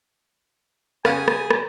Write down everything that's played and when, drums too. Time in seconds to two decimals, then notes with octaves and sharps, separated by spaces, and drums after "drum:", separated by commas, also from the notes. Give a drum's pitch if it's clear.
1.05 C#3 B3 G4 G#4 F5 F#5 G#5, drum: rim click
1.28 drum: rim click
1.51 drum: rim click